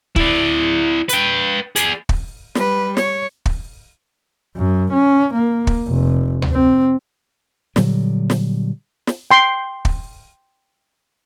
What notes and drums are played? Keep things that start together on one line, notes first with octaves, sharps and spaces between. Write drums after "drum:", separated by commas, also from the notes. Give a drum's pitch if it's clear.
E4 D5, drum: kick
B4 G5, drum: hi-hat
G#4 D5, drum: hi-hat
drum: kick
G3 B4, drum: snare
C#5, drum: snare
drum: kick
F#2
C#4
A#3
drum: kick
F1
drum: tom D2
C4
A#2 D3 F#3 G3, drum: snare
drum: snare
drum: snare
G5 C6
drum: kick